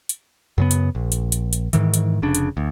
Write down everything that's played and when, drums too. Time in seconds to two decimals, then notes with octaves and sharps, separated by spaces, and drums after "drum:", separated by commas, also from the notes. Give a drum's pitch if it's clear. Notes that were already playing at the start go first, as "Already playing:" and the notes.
0.09 drum: hi-hat
0.58 F#2 C#3 B3
0.71 drum: hi-hat
0.95 A#1
1.12 drum: hi-hat
1.32 drum: hi-hat
1.53 drum: hi-hat
1.73 G#2 D#3 E3, drum: hi-hat
1.94 drum: hi-hat
2.22 F1 C#3 D4
2.35 drum: hi-hat
2.57 D2